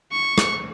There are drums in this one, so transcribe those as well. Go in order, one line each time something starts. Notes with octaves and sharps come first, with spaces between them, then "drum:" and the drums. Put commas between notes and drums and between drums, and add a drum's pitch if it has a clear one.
C#6
drum: rim click